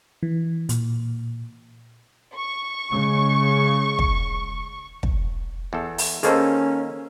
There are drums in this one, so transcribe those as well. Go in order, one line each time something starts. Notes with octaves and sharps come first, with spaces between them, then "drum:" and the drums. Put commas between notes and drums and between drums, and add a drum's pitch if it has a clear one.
E3
A#2, drum: hi-hat
C#6
C#3 G#3
drum: kick
drum: kick
E2 A4
drum: open hi-hat
D#3 A#3 C#4 D#4 G#4 A4 C5, drum: hi-hat